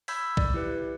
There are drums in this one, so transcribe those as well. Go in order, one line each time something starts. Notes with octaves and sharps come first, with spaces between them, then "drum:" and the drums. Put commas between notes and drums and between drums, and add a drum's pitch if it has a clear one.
B5 E6 G6 G#6 B6, drum: open hi-hat
D5, drum: kick
E4 G4 B4